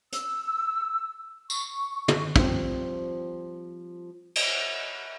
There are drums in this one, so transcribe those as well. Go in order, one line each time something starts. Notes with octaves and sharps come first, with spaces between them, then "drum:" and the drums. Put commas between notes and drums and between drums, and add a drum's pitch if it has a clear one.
E6, drum: hi-hat
C#6, drum: tambourine
drum: tom
F3 G3 C4, drum: kick
drum: cymbal